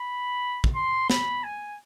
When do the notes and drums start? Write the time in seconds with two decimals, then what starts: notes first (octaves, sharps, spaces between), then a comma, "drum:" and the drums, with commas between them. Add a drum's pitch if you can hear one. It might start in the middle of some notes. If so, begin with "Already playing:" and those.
Already playing: B5
0.64 drum: kick
0.75 C6
1.10 B5, drum: snare
1.44 G#5